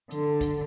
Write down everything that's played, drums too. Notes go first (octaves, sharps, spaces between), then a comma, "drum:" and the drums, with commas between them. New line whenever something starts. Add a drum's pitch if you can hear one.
D3, drum: hi-hat
drum: kick, hi-hat